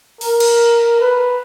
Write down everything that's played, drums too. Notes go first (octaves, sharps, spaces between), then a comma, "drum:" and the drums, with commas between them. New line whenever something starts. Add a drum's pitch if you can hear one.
A#4, drum: open hi-hat
drum: cymbal
B4